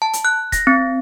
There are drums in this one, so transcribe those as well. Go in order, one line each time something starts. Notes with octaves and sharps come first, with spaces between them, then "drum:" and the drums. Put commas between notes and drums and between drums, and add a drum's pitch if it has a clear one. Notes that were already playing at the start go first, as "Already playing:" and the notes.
A5
drum: hi-hat
F#6
A#6, drum: kick, hi-hat
C4